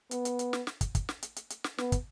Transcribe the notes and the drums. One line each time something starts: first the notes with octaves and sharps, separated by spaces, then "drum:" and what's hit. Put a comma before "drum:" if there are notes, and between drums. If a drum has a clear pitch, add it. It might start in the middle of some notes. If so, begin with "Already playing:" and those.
B3, drum: hi-hat
drum: hi-hat
drum: hi-hat
drum: snare
drum: snare
drum: kick, hi-hat
drum: kick, hi-hat
drum: snare
drum: hi-hat
drum: hi-hat
drum: hi-hat
drum: snare
B3, drum: snare
drum: kick, hi-hat